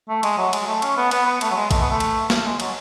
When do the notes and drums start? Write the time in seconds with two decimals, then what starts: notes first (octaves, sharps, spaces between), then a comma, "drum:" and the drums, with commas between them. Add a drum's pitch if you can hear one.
0.09 A3
0.23 G#3, drum: cymbal
0.38 F#3
0.53 G#3, drum: cymbal
0.67 A3
0.82 C#4, drum: cymbal
0.97 B3
1.11 B3, drum: cymbal
1.26 B3
1.41 A3, drum: cymbal
1.51 F#3
1.56 G#3
1.71 A3, drum: kick A#1, cymbal
1.81 B3
1.90 A3
2.00 drum: cymbal
2.30 drum: snare
2.45 G#3
2.60 F#3, drum: cymbal